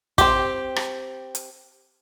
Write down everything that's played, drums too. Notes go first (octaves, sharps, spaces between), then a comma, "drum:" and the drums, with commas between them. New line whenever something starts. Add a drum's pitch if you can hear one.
C4 G4, drum: kick, hi-hat
drum: rim click
drum: hi-hat